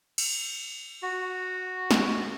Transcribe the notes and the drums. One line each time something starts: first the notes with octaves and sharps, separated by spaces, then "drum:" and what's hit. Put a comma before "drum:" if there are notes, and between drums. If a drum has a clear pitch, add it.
drum: cymbal
F#4
drum: snare